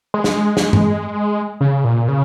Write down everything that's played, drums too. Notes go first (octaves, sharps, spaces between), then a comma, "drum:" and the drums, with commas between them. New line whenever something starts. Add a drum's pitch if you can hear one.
G#3
drum: snare
drum: snare
drum: tom G2
C#3
A#2
C#3